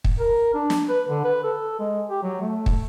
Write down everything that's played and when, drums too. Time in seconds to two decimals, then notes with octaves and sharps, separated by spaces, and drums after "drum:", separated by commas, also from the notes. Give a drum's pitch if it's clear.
0.04 drum: kick
0.19 A#4
0.54 D4
0.70 drum: snare
0.89 B4
1.09 D3
1.24 B4
1.44 A4
1.79 G#3
2.09 G4
2.23 F#3
2.41 A3
2.66 drum: kick